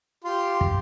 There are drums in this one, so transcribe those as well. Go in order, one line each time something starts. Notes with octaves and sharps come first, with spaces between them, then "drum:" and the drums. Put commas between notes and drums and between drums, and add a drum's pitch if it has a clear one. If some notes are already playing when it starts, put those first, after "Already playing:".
F4 G4 C6
drum: kick